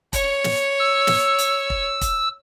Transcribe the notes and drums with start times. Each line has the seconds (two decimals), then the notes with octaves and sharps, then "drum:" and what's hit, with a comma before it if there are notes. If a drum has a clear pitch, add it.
0.13 C#5, drum: kick, hi-hat
0.44 drum: snare
0.80 E6
1.07 drum: snare
1.39 drum: hi-hat
1.70 drum: kick
2.01 drum: kick, hi-hat